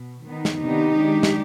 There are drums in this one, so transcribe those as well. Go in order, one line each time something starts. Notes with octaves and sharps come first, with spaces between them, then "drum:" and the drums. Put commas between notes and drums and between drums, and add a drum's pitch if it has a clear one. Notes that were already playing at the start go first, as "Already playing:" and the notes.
Already playing: B2
D#3 B3 D#4
drum: snare
C3 D#3 B3 D4 D#4 G4
D#3 G#3 D4
drum: snare